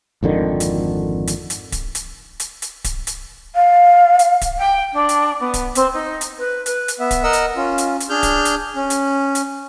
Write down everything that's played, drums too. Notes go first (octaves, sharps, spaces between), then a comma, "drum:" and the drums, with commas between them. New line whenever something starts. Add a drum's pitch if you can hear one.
G#1 F2 D3 D#3
drum: hi-hat
drum: hi-hat
drum: hi-hat
drum: kick D1, hi-hat
drum: hi-hat
drum: hi-hat
drum: hi-hat
drum: kick D1, hi-hat
drum: hi-hat
F5
drum: hi-hat
drum: kick D1, hi-hat
G5
D4
drum: hi-hat
B3
drum: kick D1, hi-hat
C4, drum: hi-hat
D#4
drum: hi-hat
B4
B4, drum: hi-hat
drum: hi-hat
B3 E5
drum: kick D1, hi-hat
A#4 D#5 F#5 E6
drum: hi-hat
C#4 F4
drum: hi-hat
drum: hi-hat
D4 G#4 F6 G6
drum: kick D1, hi-hat
drum: hi-hat
C#4
drum: hi-hat
drum: hi-hat